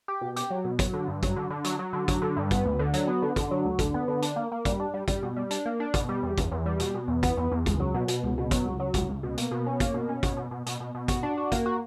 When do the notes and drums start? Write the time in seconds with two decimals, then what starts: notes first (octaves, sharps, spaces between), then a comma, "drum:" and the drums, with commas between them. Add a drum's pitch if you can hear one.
0.08 G4
0.21 B2
0.36 G4, drum: hi-hat
0.50 F#3
0.64 B2
0.79 F#3, drum: kick, hi-hat
0.93 D3
1.08 G2
1.23 F#3, drum: kick, hi-hat
1.36 D3
1.50 D3
1.64 F#3, drum: hi-hat
1.79 F#3
1.93 D3
2.08 F#3, drum: kick, hi-hat
2.22 D3
2.37 G2
2.51 B3, drum: kick, hi-hat
2.65 D2
2.79 D3
2.94 F#3, drum: hi-hat
3.07 B3
3.22 D3
3.36 D3, drum: kick, hi-hat
3.51 F#3
3.65 D2
3.79 D3, drum: kick, hi-hat
3.94 B3
4.08 D3
4.22 D4, drum: hi-hat
4.36 A#3
4.52 A#3
4.65 G3, drum: kick, hi-hat
4.80 D4
4.94 G3
5.08 G3, drum: kick, hi-hat
5.22 B2
5.36 G3
5.51 D4, drum: hi-hat
5.66 A#3
5.80 D4
5.94 B2, drum: kick, hi-hat
6.09 G3
6.23 E2
6.38 E2, drum: kick, hi-hat
6.52 E2
6.66 G3
6.80 B2, drum: hi-hat
6.94 B2
7.08 E2
7.23 B3, drum: kick, hi-hat
7.37 E2
7.51 E2
7.66 C#2, drum: kick, hi-hat
7.80 F#3
7.94 B2
8.08 B2, drum: hi-hat
8.23 C#2
8.38 B2
8.51 F#3, drum: kick, hi-hat
8.66 C#2
8.80 F#3
8.94 C#2, drum: kick, hi-hat
9.09 C#2
9.23 B2
9.38 A#3, drum: hi-hat
9.51 B2
9.66 C#4
9.80 A#3, drum: kick, hi-hat
9.94 B2
10.09 C#4
10.23 B2, drum: kick, hi-hat
10.37 B2
10.51 B2
10.66 B2, drum: hi-hat
10.80 B2
10.95 B2
11.08 F#4, drum: kick, hi-hat
11.23 D4
11.37 F#4
11.52 A#3, drum: kick, hi-hat
11.66 F#4